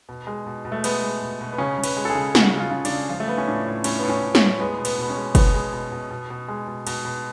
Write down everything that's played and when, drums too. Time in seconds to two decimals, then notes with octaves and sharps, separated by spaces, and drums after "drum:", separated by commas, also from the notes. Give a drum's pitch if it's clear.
0.09 B2
0.27 G#3
0.46 B2
0.65 B2
0.72 A3
0.84 G#3 B3, drum: cymbal
1.02 G#3
1.22 B2
1.41 B2
1.52 B3
1.58 C#3 C#4
1.78 C#3
1.84 B4, drum: cymbal
1.97 G#3
2.05 A4
2.10 G#4
2.15 C#3
2.35 C#3 F#4, drum: snare
2.54 C#3
2.60 F4
2.71 C#3
2.85 D4, drum: cymbal
2.90 C#3
3.09 F3 F4
3.20 A3
3.28 F3 B3
3.38 C#4
3.47 A2 D4
3.66 A2
3.84 A2 C#4, drum: cymbal
3.99 A2 B3
4.09 C#4
4.22 A2
4.35 C#4, drum: snare
4.41 A2
4.60 G#3 B3
4.78 B2
4.85 B3, drum: cymbal
4.98 B2 B3
5.10 C#4
5.16 G#3
5.35 B2 B3, drum: kick F#1, cymbal
5.54 G#3
5.73 B2
5.92 B2
6.11 B2
6.30 B2
6.48 G#3
6.67 B2
6.87 B2, drum: cymbal
7.05 B2